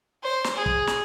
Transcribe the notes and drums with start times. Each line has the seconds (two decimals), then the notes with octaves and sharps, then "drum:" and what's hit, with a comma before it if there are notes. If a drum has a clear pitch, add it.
0.23 C5
0.44 drum: snare
0.56 G#4
0.66 drum: kick
0.87 drum: snare